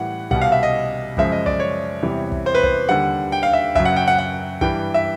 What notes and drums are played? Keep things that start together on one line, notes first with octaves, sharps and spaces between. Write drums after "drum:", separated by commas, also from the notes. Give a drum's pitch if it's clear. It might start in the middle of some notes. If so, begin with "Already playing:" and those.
Already playing: A2 E3 G3 F#5
C2 B2 G3 F#5, drum: kick
F5
E5
D#5
F#2 C#3 F3 G#3 E5, drum: kick
D#5
D5, drum: kick
C#5
E2 C3 E3 G3
drum: kick
C5
B4
C5, drum: kick
D#2 D3 G3 F#5
G5
F5
E5
F#2 C#3 F#3 E5, drum: kick
F#5
G5
F#5
F#5
G2 E3 G3 G5, drum: kick
E5